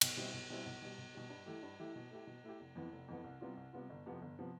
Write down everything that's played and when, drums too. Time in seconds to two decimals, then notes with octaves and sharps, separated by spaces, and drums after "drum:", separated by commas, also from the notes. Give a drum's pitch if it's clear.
0.01 B1, drum: cymbal
0.17 B2 G3 C4 E4
0.34 B1
0.50 B2 G3 C4 E4
0.66 B1
0.82 B2 G3
0.98 B1
1.14 B2 G3
1.30 G2
1.46 E3 A3 E4 G4
1.63 G2
1.80 E3 A3 E4 G4
1.96 B2
2.11 A3 E4 G4
2.27 B2
2.44 A3 E4 G4
2.60 F1
2.75 F2 E3 B3
2.92 F1
3.08 F2 E3 B3
3.24 C2
3.41 C3 G3 B3 F4
3.57 C2
3.73 C3 G3 B3 F4
3.90 G1
4.06 F2 C3 F3 B3
4.22 G1
4.39 C3 F3 B3